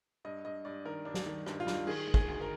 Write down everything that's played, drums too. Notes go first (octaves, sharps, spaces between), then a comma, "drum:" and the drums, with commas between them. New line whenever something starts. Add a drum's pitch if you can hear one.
G2 D#5
G2 D#5
G2 D5
D#3 A#4
G2 D4
drum: snare
D#3
G2, drum: rim click
F4
G2, drum: snare
D#3 G#4, drum: cymbal
D#3
G#4, drum: kick
D2
A#4